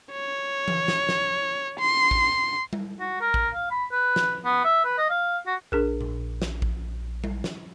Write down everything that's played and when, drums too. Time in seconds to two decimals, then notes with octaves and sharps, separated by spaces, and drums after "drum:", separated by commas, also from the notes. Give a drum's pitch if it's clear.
0.11 C#5
0.68 drum: tom E3
0.88 drum: snare
1.09 drum: snare
1.79 C6
2.11 drum: kick A1
2.73 drum: tom G3
3.00 F#4
3.21 A#4
3.34 drum: kick A1
3.54 F5
3.71 B5
3.92 B4
4.16 drum: snare
4.45 B3
4.64 E5
4.85 B4
4.98 D#5
5.10 F5
5.47 F#4
5.72 A#1 D4 G#4 A#4
6.01 drum: tom A#2
6.42 drum: snare
6.62 drum: kick A1
7.24 drum: tom G3
7.44 drum: snare